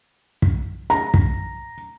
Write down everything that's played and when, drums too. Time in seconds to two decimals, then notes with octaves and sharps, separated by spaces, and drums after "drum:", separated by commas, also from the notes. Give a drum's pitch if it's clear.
0.42 drum: kick
0.90 A#5
1.14 drum: kick